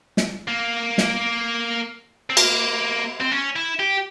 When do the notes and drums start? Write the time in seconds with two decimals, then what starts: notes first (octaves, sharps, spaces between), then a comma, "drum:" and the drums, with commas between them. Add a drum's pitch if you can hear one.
0.17 drum: snare
0.48 A#3
0.98 drum: snare
2.30 C4
2.37 A#3, drum: cymbal
3.20 C4
3.32 C#4
3.56 E4
3.79 G4